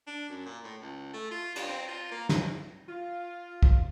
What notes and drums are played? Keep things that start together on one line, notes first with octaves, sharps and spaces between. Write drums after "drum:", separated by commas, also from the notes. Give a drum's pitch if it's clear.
D4
F#2
A#2
A2
C#2
A3
F4
G2, drum: cymbal
C4
F4
A#3
C#2, drum: snare
F4
drum: kick